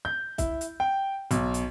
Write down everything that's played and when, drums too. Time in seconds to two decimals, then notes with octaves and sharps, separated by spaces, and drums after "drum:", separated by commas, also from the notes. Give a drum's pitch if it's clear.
0.05 G6
0.38 E4, drum: kick C2, hi-hat
0.61 drum: hi-hat
0.80 G5
1.31 B1, drum: hi-hat
1.54 drum: hi-hat